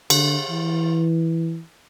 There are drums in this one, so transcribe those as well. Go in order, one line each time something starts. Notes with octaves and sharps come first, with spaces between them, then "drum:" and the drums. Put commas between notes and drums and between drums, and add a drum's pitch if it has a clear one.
D3, drum: cymbal
E3